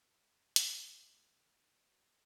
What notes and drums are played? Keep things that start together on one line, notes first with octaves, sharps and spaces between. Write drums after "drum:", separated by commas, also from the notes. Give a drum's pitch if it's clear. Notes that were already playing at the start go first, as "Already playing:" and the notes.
G#3
B3, drum: hi-hat
A3
D5
B3
D#3
D4
B4
F#4
A4